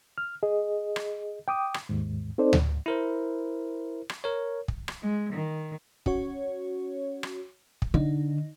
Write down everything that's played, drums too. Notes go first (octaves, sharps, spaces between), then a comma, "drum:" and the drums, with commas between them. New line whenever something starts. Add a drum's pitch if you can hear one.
F6
G#4 D#5
drum: rim click
G5 D6 D#6
drum: rim click
D#2 G#2
C4 D#4 A4 C5 D5
drum: tom D2
E4 A#4 C5
drum: rim click
A#4 C#5
drum: kick
drum: rim click
G#3
D#3
C#4 F#4 C#5, drum: kick
drum: rim click
drum: kick
D3 D#4